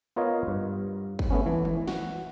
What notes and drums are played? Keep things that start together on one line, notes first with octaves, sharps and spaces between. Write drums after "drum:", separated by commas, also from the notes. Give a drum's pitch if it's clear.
B3 F4 A#4 C#5 D#5 F5
G2
drum: kick
A3 B3 C#4
E3
drum: tom E3
F#4, drum: snare